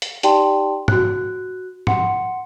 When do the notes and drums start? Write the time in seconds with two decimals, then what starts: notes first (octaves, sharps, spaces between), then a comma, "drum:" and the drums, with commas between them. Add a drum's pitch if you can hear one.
0.02 drum: hi-hat
0.23 D#4 G4 D5 G5 A5 C6, drum: hi-hat
0.88 F#4 F#6, drum: tom
1.87 F#5 C6 C#7, drum: tom